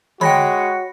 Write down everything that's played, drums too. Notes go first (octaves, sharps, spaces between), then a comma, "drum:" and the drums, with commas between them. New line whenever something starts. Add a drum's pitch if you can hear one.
G#3 F#4 C#5 G5 B5 A#6 C#7, drum: tom D3